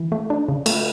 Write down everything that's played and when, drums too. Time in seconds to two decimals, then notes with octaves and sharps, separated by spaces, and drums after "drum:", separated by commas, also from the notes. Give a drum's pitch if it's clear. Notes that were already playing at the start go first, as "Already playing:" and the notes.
Already playing: E3
0.12 A3
0.30 D4
0.48 C#3
0.66 A3, drum: cymbal